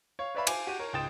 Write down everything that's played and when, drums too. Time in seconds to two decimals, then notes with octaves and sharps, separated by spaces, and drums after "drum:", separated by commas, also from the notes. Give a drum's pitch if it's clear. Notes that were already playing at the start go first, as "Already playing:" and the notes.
0.19 C#5 F5
0.35 B4 C#5 D5 E5 F5 B5
0.47 C5 F5 G#5 D6, drum: cymbal
0.67 F#4 G4 D#7
0.79 A#4 C#5
0.93 C#2 G#2 G5 D#6 A6 E7